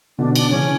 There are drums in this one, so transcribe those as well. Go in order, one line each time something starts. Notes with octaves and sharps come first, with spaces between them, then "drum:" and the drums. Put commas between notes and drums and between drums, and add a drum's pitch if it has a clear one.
B2 D3 D4
D4, drum: cymbal
C#3 E3 C#4